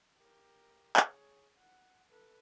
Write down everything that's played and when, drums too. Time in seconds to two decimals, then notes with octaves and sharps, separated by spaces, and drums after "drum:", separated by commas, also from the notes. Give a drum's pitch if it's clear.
0.17 G4 A#4
0.97 G#4 C#5, drum: clap
1.58 F#5
2.10 A4 B4